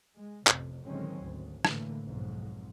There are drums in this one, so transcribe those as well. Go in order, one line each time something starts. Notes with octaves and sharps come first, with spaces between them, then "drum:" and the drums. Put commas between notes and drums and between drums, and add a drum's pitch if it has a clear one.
G#3
A1 F2 C3, drum: clap
D3 D#3 F#3 G#3 C4 C#4
G#1 D2
A2 D3 E3 A3 A#3, drum: rim click
B1 F2 G#2